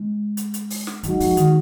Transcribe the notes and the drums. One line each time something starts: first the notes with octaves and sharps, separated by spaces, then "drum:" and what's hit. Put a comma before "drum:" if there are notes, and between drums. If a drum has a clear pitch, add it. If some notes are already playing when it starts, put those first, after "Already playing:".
Already playing: G#3
drum: hi-hat
drum: hi-hat
drum: open hi-hat
drum: snare
F#3 G#3 D#4 F#4, drum: hi-hat
F3, drum: open hi-hat
D#3, drum: hi-hat